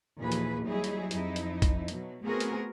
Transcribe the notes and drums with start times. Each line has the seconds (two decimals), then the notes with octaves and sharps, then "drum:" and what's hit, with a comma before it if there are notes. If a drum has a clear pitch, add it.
0.18 D#2 A#2 E3 F3 G#4 B4
0.32 drum: hi-hat
0.64 F#3 G3 D#4 E4 G#4
0.84 drum: hi-hat
1.11 F2 D#4 E4, drum: hi-hat
1.36 drum: hi-hat
1.62 drum: kick B1, hi-hat
1.88 B2 F#3, drum: hi-hat
2.23 A3 B3 C4 F#4 G#4 A#4
2.40 drum: hi-hat